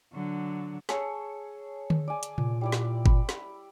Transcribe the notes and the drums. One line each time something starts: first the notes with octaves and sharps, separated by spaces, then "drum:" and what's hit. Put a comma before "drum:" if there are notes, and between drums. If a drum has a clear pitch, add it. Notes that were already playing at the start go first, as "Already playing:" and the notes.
D3 F#3
G#4 A4 C#5, drum: snare
drum: tom D3
D5 G#5
drum: hi-hat
A#2, drum: tom C3
G3 E4 D5
drum: snare
B5, drum: kick G1
drum: snare